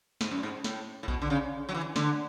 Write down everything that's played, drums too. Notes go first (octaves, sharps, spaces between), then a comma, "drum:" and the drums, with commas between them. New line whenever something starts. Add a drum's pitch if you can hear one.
G#2, drum: snare
F#2
G#2
A2, drum: snare
A2
B2, drum: kick A#1
D3
C#3
F#3
E3
D3, drum: snare